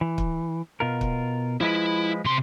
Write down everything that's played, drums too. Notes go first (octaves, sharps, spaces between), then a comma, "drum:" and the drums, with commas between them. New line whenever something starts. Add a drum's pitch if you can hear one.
E3
drum: kick
B2 F4 A#4
drum: kick
F3 G#3 E4 B4
C3 C6